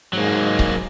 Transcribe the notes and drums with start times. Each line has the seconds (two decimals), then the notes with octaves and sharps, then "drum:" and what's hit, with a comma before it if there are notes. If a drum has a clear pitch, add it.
0.13 G#2 F#3 A#3
0.59 drum: kick C#1